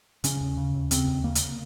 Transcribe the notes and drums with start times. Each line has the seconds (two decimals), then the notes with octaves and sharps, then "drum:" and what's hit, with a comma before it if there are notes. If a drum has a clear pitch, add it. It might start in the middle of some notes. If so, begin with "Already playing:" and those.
0.24 C#3 C#4, drum: hi-hat
0.41 D#2
0.57 C#3
0.74 D#2
0.91 C#3 C4, drum: hi-hat
1.07 D#2
1.24 C#3 A#3
1.35 drum: hi-hat